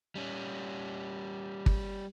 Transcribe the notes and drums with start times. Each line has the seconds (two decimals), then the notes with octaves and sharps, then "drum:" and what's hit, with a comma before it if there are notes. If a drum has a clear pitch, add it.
0.15 G3 C#4
1.66 drum: kick